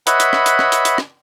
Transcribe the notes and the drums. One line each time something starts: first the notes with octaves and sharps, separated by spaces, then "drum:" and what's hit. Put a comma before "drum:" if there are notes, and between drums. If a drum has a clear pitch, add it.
B4 C#5 D#5 E5 F#5 B5, drum: hi-hat
drum: hi-hat
drum: rim click
drum: hi-hat
drum: rim click
drum: hi-hat
drum: hi-hat
drum: rim click